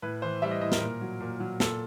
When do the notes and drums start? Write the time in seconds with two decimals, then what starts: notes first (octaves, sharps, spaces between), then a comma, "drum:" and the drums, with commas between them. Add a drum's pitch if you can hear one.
0.02 A2 B4
0.22 E3 C5
0.42 G3 E5
0.51 D#5
0.61 A2 D#5
0.72 A#4, drum: snare
0.81 A#2
1.01 F#3
1.20 A#2
1.40 F#3
1.60 A#2 A4, drum: snare